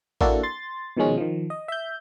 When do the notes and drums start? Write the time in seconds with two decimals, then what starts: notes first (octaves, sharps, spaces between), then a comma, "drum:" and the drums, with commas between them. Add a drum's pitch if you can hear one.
0.21 A#3 D4 E4 F#4 A4, drum: kick A1
0.43 C6 A6
0.97 B2 D#3 F3 G#3 C#4
1.17 D#3 F3
1.50 D#5
1.68 E5 G6